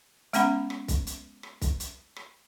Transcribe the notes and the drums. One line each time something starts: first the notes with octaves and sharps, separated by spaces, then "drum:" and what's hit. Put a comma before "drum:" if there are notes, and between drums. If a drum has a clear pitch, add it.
G#3 B3 C#4 F#5 B5, drum: hi-hat
drum: rim click
drum: kick, hi-hat
drum: hi-hat
drum: rim click
drum: kick, hi-hat
drum: hi-hat
drum: rim click